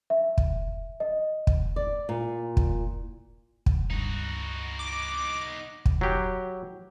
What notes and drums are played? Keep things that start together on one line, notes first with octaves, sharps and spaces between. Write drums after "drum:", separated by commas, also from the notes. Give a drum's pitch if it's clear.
E5
drum: kick
D#5
drum: kick
D5
A#2
drum: kick
drum: kick
C#2 G2 D#4 F#4
D6
drum: kick
F#3 G4